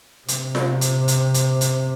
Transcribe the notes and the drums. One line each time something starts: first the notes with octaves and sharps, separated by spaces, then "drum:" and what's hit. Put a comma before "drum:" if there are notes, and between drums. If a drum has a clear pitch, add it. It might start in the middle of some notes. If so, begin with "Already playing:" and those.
C3, drum: hi-hat
drum: snare F4
drum: hi-hat
drum: hi-hat
drum: hi-hat
drum: hi-hat